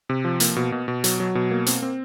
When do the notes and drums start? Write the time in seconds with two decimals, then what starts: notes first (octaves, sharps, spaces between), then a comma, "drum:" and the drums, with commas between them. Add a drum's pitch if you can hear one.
0.09 C3
0.25 F3
0.40 A#3, drum: hi-hat
0.56 B2
0.72 B2
0.88 B2
1.04 F#3, drum: hi-hat
1.20 F#3
1.35 B2
1.51 A#3
1.66 C4, drum: hi-hat
1.82 C4